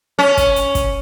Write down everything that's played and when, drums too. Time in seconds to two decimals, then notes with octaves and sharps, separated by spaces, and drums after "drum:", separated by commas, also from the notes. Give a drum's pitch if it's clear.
0.19 C#4
0.37 drum: kick, hi-hat
0.56 drum: hi-hat
0.75 drum: kick, hi-hat